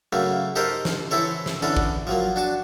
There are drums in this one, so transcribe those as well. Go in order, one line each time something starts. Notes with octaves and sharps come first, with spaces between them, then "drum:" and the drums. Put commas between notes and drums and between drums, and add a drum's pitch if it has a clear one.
C#3 F#3 A3 A#3
D#4 G4 A4 A#4 C5 D#5
drum: snare
E3 C4 E4 A4 C#5
drum: snare
D3 E3 C#4 D4 A4
drum: kick G#1
F3 F#3 A#3
D4 F#4 A5